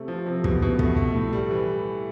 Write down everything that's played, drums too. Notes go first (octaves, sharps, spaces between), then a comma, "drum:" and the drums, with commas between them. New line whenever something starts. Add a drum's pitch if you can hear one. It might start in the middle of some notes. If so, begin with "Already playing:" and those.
Already playing: C3 A3
F3
C3
B2, drum: kick
B2
A3, drum: kick
A3
A2
G3
E3